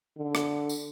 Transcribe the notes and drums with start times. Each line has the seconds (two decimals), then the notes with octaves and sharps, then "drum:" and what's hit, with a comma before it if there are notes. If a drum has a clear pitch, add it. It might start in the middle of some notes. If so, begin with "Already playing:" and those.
0.17 D3
0.35 drum: rim click
0.69 drum: tambourine